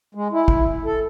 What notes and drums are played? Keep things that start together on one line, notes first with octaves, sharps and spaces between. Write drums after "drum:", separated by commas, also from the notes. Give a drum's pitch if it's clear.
G#3
E4
drum: kick
A4